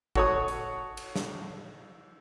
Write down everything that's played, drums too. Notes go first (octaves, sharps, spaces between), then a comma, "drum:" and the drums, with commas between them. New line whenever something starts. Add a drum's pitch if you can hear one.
F#4 A4 C#5 F#5 D#6, drum: kick
drum: hi-hat
drum: cymbal
drum: snare